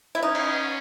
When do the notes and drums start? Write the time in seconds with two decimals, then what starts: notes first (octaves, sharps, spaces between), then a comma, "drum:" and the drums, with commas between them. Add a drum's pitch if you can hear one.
0.15 E4
0.22 C#4 D#4
0.35 drum: cymbal